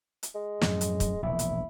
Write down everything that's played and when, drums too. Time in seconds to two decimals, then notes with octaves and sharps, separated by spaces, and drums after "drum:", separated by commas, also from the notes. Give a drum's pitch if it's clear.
0.23 drum: hi-hat
0.35 G#3
0.61 F#2 A2 F3, drum: snare
0.81 drum: hi-hat
1.00 drum: kick, hi-hat
1.23 E1 A#1 E4
1.39 drum: hi-hat